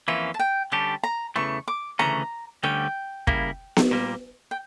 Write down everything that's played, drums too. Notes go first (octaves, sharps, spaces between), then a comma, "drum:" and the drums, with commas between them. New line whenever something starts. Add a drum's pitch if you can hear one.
F2 E3 A#3 C#4 F4 E5
A5
G5
D3 G3 C#4 G4 A5
A#5
E2 C#3 E3 A3 C#6
D6
D2 C#3 E3 A3 C#4 A#5
D2 D3 G3 C#4 G5
C#3 G3 A#3 E4, drum: kick
drum: snare B3
A#2 G3 A#3
G5